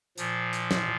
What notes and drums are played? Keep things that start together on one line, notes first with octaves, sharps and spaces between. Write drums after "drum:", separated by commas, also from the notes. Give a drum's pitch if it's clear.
A#2 F3, drum: hi-hat
drum: hi-hat
drum: snare